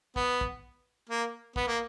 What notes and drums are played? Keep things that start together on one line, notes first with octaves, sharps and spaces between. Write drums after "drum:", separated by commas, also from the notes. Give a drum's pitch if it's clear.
B3, drum: kick
drum: kick
A#3
B3, drum: kick
A#3